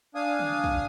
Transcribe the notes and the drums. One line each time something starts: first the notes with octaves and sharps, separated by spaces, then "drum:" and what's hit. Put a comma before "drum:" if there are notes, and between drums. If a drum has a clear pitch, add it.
D4 F5 G#5 D#6
drum: tom
drum: kick